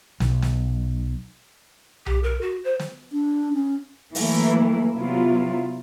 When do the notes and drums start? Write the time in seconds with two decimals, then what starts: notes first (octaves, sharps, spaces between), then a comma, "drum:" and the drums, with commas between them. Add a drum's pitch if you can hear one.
0.20 B1, drum: snare
0.42 drum: snare
2.06 G4, drum: tom B1
2.23 A#4
2.41 F#4
2.64 C5
2.79 drum: snare
3.12 D4
3.53 C#4
4.15 E3 F#3 A3 A#3 E4, drum: open hi-hat
4.95 C3 F#3 B3 E4 F4